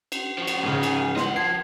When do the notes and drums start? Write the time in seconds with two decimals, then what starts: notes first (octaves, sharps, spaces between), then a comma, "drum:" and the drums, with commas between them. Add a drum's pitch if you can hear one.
0.12 drum: cymbal
0.38 F3 F#4
0.47 drum: cymbal
0.63 G#2 C#3
0.83 G#5, drum: cymbal
1.16 D#5 F#5 C6, drum: snare
1.36 F3 G#6 C7